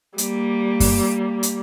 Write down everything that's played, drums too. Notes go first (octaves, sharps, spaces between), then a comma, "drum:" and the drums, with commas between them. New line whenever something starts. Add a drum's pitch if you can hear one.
G3 A#3, drum: hi-hat
drum: kick F#2, open hi-hat
drum: hi-hat